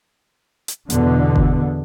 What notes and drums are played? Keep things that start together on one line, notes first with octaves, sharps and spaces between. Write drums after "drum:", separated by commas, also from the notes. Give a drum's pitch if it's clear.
drum: hi-hat
E2 B2 D3, drum: hi-hat
drum: kick G1